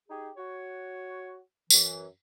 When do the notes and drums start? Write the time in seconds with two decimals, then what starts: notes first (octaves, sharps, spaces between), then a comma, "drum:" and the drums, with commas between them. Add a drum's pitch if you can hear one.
0.09 D#4 G4 G#4
0.37 F#4 C#5
1.70 F#2 E3, drum: tambourine